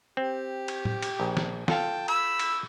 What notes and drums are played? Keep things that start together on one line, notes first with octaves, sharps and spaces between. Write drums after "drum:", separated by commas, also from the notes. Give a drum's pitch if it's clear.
C4 G4
drum: cymbal
drum: tom
drum: cymbal
A#1
drum: snare
F4 A4 F5 G5 A5, drum: snare
B5 E6, drum: cymbal
drum: cymbal